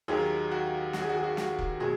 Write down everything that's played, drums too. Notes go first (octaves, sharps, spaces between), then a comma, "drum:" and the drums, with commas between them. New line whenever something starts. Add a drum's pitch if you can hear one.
D#2 D#3 F#3 G#4
F#4
F#4, drum: snare
G#4
F#4
G#4
F#4
F#4, drum: snare
drum: kick E1
B2 F#3 G#4